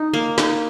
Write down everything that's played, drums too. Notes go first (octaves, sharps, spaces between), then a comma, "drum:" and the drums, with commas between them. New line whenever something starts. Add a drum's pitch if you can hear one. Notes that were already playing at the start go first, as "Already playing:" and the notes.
Already playing: D#4
A#3
D#4, drum: snare